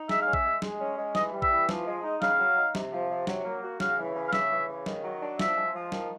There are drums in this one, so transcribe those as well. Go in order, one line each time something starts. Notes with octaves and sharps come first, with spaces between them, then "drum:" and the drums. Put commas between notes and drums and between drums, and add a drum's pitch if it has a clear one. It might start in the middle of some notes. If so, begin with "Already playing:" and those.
Already playing: D#4
G#3 E5, drum: snare
F5
C#4
E5, drum: kick A#1
G#3
G#3, drum: snare
C#4
G#3
E3 D#5, drum: snare
G3
E5, drum: kick A#1
E3
F3, drum: snare
G#3
D#4
C#3 F5, drum: snare
F#3
D#4
C3, drum: snare
F3
C3
F#3, drum: snare
A#3
F#4
C#3 F5, drum: snare
E3
C#3
F5
C#3 E5, drum: snare
E3
C#3
D#3, drum: snare
F#3
D4
F3 E5, drum: snare
G#3
F3
D#3, drum: snare